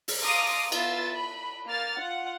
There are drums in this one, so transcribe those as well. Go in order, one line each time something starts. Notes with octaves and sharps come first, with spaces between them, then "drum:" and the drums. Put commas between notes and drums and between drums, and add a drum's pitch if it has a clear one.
drum: open hi-hat
F5 A5 A#5 C6 D6 D#6
B3 F4 E5 F5 A6, drum: cymbal
B5
A#3 F6 A6
F4 F#5